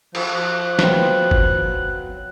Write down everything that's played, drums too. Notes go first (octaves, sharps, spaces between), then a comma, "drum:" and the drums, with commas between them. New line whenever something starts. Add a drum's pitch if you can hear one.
F3 F#6, drum: cymbal
F#3 B3 C4, drum: snare
drum: kick F#1